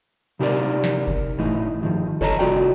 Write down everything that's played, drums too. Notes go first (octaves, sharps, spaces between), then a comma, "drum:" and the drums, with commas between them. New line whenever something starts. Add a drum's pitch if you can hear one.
C3 D#4 G4 A#4 D5
drum: snare
drum: kick F#1
A2 E3 D#4
G2 D#3 F3
A4 C#5 D#5 A5 A#5, drum: kick F#1
C2 D3 F4 F#4 D5 G5